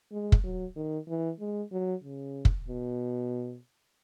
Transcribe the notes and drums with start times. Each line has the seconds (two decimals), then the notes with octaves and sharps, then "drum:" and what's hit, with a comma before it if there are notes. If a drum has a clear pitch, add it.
0.12 G#3
0.32 drum: kick
0.43 F#3
0.76 D#3
1.08 E3
1.40 G#3
1.72 F#3
2.04 C#3
2.45 drum: kick
2.68 B2